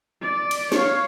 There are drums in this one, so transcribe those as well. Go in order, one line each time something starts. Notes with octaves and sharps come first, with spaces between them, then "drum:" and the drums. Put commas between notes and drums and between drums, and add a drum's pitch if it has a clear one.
D5
drum: cymbal
C#5 F5, drum: snare